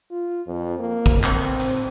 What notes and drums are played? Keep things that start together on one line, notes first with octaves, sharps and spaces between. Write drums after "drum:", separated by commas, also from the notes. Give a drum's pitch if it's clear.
F4
F2
A#3
drum: kick, hi-hat
C4, drum: clap
drum: hi-hat
drum: hi-hat